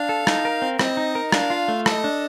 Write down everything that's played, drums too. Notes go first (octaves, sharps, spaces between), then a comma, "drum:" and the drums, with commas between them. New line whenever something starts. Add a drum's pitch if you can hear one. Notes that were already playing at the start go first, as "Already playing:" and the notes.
Already playing: D4 F5
A4
D#4, drum: rim click
A#4
C4
C4 D#5, drum: rim click
D#4
A#4
D4 F5, drum: rim click
F4
A3
A4 D#5, drum: rim click
D4